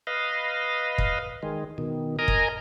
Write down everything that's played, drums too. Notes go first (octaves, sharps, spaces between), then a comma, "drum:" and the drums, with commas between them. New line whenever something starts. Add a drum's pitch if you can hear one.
B4 D#5 F5
drum: kick
D#3 G#3
B2 D#3
A#4 D#5 G#5 A#5
drum: kick